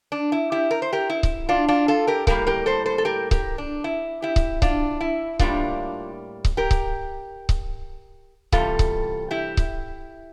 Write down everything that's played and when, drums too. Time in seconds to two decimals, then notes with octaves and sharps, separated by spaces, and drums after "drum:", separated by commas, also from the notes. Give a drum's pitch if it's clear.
0.12 D4
0.32 E4
0.52 E4 G4
0.71 A#4
0.82 C5
0.93 G4 A#4
1.10 E4
1.23 drum: kick C#1
1.49 D4 F4
1.68 D4 F4
1.88 F4 A4
2.07 G4 A#4
2.27 A2 G3 A#3 G4 A#4, drum: kick C#1
2.47 G4 A#4
2.66 A4 C5
2.86 A4 C5
2.98 A4
3.05 G4 A#4
3.31 G4 A#4, drum: kick C#1
3.58 D4
3.84 E4
4.22 E4 G4
4.36 drum: kick C#1
4.62 D4 F4, drum: kick C#1
5.01 E4
5.39 A2 G3 A#3 D4 F4, drum: kick C#1
6.45 drum: kick C#1
6.57 G4 A#4
6.71 drum: kick C#1
7.49 drum: kick C#1
8.52 E2 C3 G3 F4 A4, drum: kick C#1
8.79 drum: kick C#1
9.31 E4 G4
9.57 drum: kick C#1